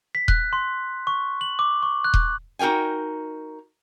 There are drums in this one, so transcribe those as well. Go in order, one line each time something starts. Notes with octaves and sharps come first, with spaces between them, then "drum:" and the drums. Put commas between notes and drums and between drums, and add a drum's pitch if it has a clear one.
B6
F#6, drum: kick D#1
C6
C#6
F#7
D6
C#6
F#6
drum: kick D#1
D#4 F#4 A#4 G5 G#5